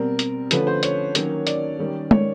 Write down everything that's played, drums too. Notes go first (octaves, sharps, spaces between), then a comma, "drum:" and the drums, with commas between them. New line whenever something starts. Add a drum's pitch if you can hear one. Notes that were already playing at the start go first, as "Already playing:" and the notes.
Already playing: B2 G3 C4 A#4
drum: hi-hat
D3 F3 A3 C#4 B4, drum: hi-hat
C5
C#5, drum: hi-hat
D#3 F#3 A#3 C#4, drum: hi-hat
D5, drum: hi-hat
D#3 G3 A#3 C#4
C#5, drum: tom G#3